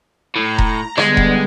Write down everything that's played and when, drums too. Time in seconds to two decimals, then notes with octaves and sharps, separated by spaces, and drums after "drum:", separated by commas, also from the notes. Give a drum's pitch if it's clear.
0.36 A2 A#5
0.59 drum: kick E1
0.98 D3 G3 G#3 B3, drum: rim click
1.17 drum: kick E1